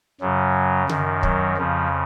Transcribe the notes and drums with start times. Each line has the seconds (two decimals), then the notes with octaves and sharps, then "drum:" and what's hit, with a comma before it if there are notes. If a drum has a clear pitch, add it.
0.20 F#2 C#3 F#3
0.89 F#2 D#3, drum: tom C#3
1.23 F#3, drum: kick
1.57 F2 C#3 F3